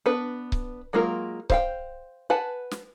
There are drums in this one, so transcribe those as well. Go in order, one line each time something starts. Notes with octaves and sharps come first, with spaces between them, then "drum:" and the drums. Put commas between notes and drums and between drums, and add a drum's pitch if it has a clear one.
B3 D4 B4
drum: kick C#1
F#3 G#3 A#3 F4 A#4
C5 F5 G5, drum: kick C#1
B4 F#5 G#5 A5
drum: snare